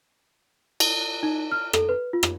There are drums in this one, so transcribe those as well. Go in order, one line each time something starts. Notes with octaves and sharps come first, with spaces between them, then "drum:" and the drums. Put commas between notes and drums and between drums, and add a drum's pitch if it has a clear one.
drum: cymbal
D#4
F6
A4, drum: rim click
B4
F4
drum: rim click